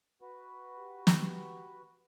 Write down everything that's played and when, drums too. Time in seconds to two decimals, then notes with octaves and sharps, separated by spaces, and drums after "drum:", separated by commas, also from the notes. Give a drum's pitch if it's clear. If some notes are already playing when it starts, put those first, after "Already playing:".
0.21 F#4 B4
0.77 G4
1.07 drum: snare